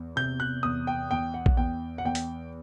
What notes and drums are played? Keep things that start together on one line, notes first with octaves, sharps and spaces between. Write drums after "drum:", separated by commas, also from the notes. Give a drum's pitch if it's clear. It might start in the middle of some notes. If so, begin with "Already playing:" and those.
Already playing: E2
C3 G6
F#6
E2 D#6
G5
E2 G5
F#5
drum: kick A#1
E2 G5
F#5
E2 G5
drum: hi-hat